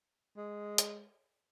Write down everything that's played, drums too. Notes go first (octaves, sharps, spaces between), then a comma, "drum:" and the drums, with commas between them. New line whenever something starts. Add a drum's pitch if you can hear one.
G#3
drum: hi-hat